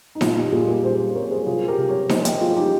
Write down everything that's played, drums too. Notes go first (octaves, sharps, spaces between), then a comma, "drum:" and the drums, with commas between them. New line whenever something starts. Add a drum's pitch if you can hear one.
D#4
A#2 F4, drum: snare D#4
D#4 G4
A#2 F4 G#4
G#4
G4 A#4
G3 G#4 C5
C4 A#4 C#5
G#4 C5
C3 F4 G#4
G4 A#4
C3
A#4 C#5
F3 C5 D#5, drum: snare D#4
D#5 G5, drum: hi-hat
A#3 F4 G#4
D#4 G4